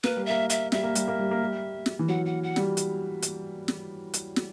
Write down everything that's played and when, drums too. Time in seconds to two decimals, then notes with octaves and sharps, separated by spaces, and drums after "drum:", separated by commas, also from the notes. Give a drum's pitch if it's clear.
0.03 A#3 B4, drum: snare
0.17 G3
0.26 A#3 E5
0.50 E5, drum: hi-hat
0.72 G3 E5, drum: snare
0.83 A#3
0.95 G3, drum: hi-hat
1.08 A#3
1.19 G3
1.31 A#3
1.43 G3
1.86 drum: snare
1.99 E3
2.08 F#3 F#5
2.26 F#5
2.43 F#5
2.56 G3, drum: snare
2.77 drum: hi-hat
3.22 drum: hi-hat
3.68 drum: snare
4.14 drum: hi-hat
4.36 drum: snare